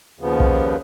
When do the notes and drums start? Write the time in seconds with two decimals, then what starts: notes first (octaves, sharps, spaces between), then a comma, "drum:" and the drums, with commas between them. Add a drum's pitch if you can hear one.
0.19 D#2 C#3 F3 B3
0.40 drum: kick B1